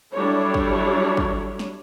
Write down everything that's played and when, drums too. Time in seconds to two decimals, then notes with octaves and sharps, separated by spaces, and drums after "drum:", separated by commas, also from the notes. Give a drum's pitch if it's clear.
0.12 F#3 G3 D4 E4 A4 C#5
0.54 drum: kick
1.17 drum: kick
1.59 drum: snare